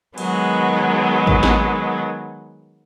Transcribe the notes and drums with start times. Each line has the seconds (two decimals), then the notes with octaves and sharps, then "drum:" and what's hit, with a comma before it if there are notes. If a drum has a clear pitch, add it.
0.18 D#3 F#3 G#3 B3, drum: cymbal
1.27 drum: kick A1
1.43 drum: snare